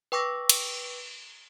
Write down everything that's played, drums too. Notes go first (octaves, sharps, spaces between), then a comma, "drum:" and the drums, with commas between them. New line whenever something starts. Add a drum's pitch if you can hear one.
B4 G5 C#6 D6 E6 A#6
drum: cymbal